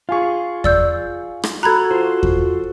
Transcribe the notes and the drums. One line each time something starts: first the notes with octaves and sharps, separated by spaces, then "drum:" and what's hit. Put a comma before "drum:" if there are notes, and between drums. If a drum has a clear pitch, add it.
F4 G#4 F5 G#5 C#6
D5 E6 G6, drum: kick E2
drum: rim click
F#4 A4 A#5 B5 F#6 G#6
F4 C5
drum: kick E2